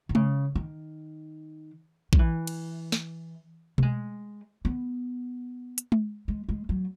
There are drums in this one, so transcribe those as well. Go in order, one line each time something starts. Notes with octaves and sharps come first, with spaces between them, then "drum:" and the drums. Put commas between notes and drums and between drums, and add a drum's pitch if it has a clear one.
D#3
C#3, drum: tom G#3
D#3
F#3, drum: kick
E3
drum: cymbal
drum: snare
A#3, drum: tom B2
G#3
B3
drum: hi-hat
drum: tom G#3
G#3
G#3
F#3